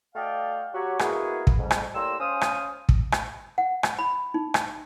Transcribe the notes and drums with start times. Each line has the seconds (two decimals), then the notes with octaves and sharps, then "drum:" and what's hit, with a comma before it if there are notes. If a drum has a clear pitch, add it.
0.15 A3 F#4 D5 D#5 F5 G5
0.74 F#3 F#4 G4 C#5
0.99 G#3 A#3 B3 E4 F#4 G#4, drum: rim click
1.47 drum: kick
1.58 F2 G#2 G3
1.71 drum: rim click
1.94 A2 G3 A#3 C6 E6
2.19 F3 C#4 G#4 C5 F5 D#6
2.41 drum: rim click
2.89 drum: kick
3.12 drum: rim click
3.58 F#5
3.83 drum: rim click
3.99 B5
4.34 D#4
4.54 drum: rim click